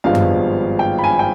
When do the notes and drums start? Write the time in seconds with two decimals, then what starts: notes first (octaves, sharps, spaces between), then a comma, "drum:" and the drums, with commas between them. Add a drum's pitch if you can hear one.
0.04 G#1 G2 F3 G#3 B3 F5
0.15 drum: tom F#2
0.79 G5
0.99 B5
1.04 G#5
1.19 G5